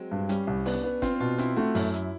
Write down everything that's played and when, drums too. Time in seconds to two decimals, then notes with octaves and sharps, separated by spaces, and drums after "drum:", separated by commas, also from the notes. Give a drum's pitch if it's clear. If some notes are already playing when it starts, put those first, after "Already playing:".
Already playing: F#3 G#3 C4
0.11 G2
0.29 G3 C#4, drum: hi-hat
0.47 C2
0.66 B3 D4, drum: open hi-hat
0.84 B3
1.02 C4 F4, drum: kick G1, hi-hat
1.20 B2 F4
1.38 C4 E4, drum: hi-hat
1.57 A3 F#4
1.75 F#2 E4, drum: open hi-hat
1.94 drum: hi-hat